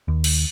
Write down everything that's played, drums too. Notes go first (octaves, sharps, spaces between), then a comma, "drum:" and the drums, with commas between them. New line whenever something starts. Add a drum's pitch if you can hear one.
D#2
drum: cymbal